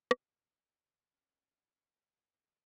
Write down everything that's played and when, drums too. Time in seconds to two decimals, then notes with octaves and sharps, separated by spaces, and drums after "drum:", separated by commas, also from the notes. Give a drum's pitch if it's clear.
0.11 C3, drum: rim click
1.13 C#4